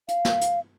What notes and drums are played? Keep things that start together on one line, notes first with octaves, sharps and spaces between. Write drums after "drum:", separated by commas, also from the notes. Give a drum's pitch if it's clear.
F5, drum: hi-hat
drum: snare
drum: hi-hat